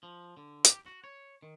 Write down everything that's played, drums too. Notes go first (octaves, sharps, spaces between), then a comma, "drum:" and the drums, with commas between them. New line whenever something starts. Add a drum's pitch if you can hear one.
F3
D3
G4, drum: hi-hat
F#4
C#5
D#3